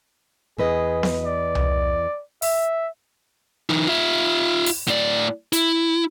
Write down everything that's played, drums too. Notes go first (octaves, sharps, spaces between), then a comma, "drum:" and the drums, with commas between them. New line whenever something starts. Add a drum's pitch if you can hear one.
E2 G#4 B4 D#5
drum: snare B3
D5
drum: tom C2
E5, drum: open hi-hat
E3 D#4
F4 E5
drum: open hi-hat
A2 D5
E4, drum: hi-hat